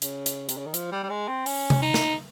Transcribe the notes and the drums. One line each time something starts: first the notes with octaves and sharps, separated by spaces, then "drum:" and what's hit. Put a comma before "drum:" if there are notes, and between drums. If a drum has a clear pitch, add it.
C#3, drum: hi-hat
drum: hi-hat
C3, drum: hi-hat
C#3
D#3
F3, drum: hi-hat
G3
G3
G#3
C4
C#4, drum: open hi-hat
drum: tom C3
D#4
drum: snare